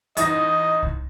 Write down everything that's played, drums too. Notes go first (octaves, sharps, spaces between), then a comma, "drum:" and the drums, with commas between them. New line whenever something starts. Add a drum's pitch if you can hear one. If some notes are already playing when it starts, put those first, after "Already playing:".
A1 D#4 D#5 A#6, drum: hi-hat
drum: kick C2